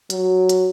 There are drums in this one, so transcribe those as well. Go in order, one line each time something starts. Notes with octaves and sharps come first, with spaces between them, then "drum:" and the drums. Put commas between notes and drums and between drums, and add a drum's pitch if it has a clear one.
F#3, drum: hi-hat
drum: hi-hat